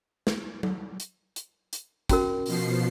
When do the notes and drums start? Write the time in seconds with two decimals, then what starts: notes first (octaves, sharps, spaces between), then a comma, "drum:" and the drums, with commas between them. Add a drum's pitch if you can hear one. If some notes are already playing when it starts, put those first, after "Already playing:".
0.27 drum: snare
0.63 drum: tom F#3
1.00 drum: hi-hat
1.36 drum: hi-hat
1.73 drum: hi-hat
2.09 C#4 F#4 A#4, drum: kick, hi-hat
2.46 B2 F3 C7, drum: open hi-hat